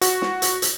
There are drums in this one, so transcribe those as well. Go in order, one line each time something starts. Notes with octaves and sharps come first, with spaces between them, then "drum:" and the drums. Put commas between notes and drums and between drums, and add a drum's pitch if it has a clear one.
F#4, drum: hi-hat
drum: snare
drum: hi-hat
drum: hi-hat